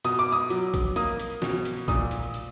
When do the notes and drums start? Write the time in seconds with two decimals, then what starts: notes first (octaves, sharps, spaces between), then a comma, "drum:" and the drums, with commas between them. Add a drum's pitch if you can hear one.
0.04 B2 D#6, drum: hi-hat
0.19 D6
0.32 D#6
0.50 F#3, drum: hi-hat
0.74 drum: kick, hi-hat
0.96 A#3 D#6, drum: hi-hat
1.20 drum: hi-hat
1.42 B2, drum: snare
1.65 drum: hi-hat
1.88 A#2 D#6, drum: kick, hi-hat
2.11 drum: hi-hat
2.34 drum: hi-hat